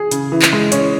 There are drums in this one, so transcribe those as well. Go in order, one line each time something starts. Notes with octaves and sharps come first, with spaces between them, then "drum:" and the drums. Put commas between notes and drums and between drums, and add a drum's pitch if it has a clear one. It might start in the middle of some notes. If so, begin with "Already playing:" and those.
Already playing: G#4
C#3, drum: hi-hat
E3
drum: clap
G#3
C#4, drum: hi-hat